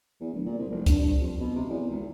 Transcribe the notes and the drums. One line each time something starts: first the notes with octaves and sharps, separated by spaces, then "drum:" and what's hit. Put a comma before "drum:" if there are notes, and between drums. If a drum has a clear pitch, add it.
E2
D1
A#2
C2
F1
G2, drum: kick C2, hi-hat
G2
F2
B2
C3
E2
G#1